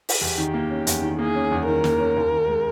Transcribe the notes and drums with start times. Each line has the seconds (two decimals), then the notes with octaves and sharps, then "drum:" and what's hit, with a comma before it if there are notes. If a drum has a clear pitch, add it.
0.09 drum: open hi-hat
0.21 E2 G4
0.38 D#3
0.54 A#3
0.70 C#4
0.87 E2, drum: hi-hat
1.02 D#3
1.19 A#3 G#4
1.35 C#4
1.51 E2
1.67 D#3 A#4
1.84 A#3, drum: snare
1.99 C#4
2.16 D#2
2.32 D#3
2.48 G#3